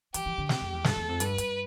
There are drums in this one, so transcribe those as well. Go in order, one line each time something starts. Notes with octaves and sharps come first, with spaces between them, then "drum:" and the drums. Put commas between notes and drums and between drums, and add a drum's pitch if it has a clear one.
E3 G4, drum: hi-hat
E3
D3
C3 G4, drum: snare
F2
E2
G2 A4, drum: snare
E2
F2
G2 B4, drum: hi-hat
G2, drum: hi-hat